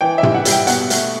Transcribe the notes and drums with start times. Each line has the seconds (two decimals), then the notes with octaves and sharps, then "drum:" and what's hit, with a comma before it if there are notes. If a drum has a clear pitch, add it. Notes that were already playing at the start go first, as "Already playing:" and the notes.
0.01 E3 G5
0.18 E5
0.23 G3, drum: tom
0.34 F#5
0.45 G3, drum: hi-hat
0.51 G5
0.67 B2 F#5, drum: hi-hat
0.90 A3, drum: hi-hat